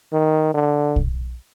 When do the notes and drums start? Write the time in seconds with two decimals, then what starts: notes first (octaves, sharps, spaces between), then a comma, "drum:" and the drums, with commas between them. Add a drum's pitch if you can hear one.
0.13 D#3
0.54 D3
0.96 drum: kick